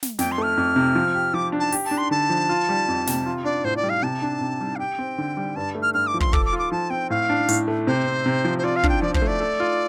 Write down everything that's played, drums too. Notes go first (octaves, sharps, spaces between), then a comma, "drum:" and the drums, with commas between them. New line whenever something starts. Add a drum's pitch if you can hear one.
drum: snare
F2 G5, drum: snare
C6
A3
F6
F2
C3
F3
G4
F3 D6
D4
A5
G4, drum: open hi-hat
A5
D4
C6
D3 A5
F3
F4
G3
F2
C3, drum: snare
F4
D4 D5
A2 C5
D5
G3
F5
C3 A5
D4
C3
G3
F5
G4 G5
C4
D3
G3
G2 A5
A3
F6
G2 F6
D6
F3
C6, drum: kick
A4 D6, drum: kick
D6
F4
D6
F3 A5
C4 G5
A2 F5
D4
A2, drum: hi-hat
A3
C3 C5
C4
C3
F3
C5
F4 D5
F5
D4, drum: kick
G5
F3 D5
C5, drum: kick
A3
D5
A4
F4